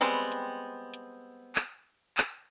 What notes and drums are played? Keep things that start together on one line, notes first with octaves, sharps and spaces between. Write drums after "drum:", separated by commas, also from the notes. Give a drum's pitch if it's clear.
G3 G#3 B3 C4
drum: hi-hat
drum: hi-hat
drum: clap
drum: clap